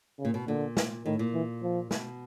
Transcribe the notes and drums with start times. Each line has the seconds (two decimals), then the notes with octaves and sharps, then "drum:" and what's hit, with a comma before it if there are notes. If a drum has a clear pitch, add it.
0.19 C#3
0.25 A#2
0.34 B2
0.48 A#2 D3
0.77 drum: snare
1.05 A2 D#3
1.19 A#2
1.34 E3
1.63 F3
1.91 B2, drum: snare